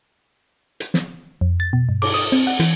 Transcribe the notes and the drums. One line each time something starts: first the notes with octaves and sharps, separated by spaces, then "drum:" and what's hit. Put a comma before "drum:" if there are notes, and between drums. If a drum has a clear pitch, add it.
drum: hi-hat
drum: snare
F2
A6
B2
G2
D6, drum: cymbal
D#6
C4
F#5
E3, drum: hi-hat